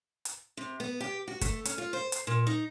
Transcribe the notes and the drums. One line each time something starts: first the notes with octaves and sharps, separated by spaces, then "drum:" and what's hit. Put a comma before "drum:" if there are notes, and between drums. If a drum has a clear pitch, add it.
drum: hi-hat
C3
B3
G4
F#4
A3, drum: kick, hi-hat
C#4, drum: hi-hat
F4
C5
drum: hi-hat
A#2
D#4